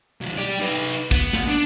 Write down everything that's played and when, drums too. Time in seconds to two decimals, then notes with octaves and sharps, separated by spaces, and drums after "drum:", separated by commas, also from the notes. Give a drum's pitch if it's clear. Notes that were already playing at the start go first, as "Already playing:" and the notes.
0.21 B1 F#2
0.38 G4 D5
0.60 D#4 B4
1.11 B3, drum: kick
1.33 drum: snare
1.47 D4